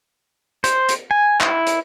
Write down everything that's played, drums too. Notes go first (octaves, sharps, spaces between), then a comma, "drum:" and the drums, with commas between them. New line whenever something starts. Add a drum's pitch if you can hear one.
C5, drum: hi-hat
drum: hi-hat
G#5
E4, drum: clap
drum: hi-hat